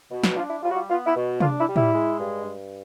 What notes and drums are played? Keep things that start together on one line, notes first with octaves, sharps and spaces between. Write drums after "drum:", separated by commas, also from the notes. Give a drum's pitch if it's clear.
B2
drum: snare
D4 F4
E4
G3 F4
F#4
F4
B3 F4
E4
B2
D4 F4, drum: tom C3
E4
G3
E4, drum: tom A2
G#3
G2
G2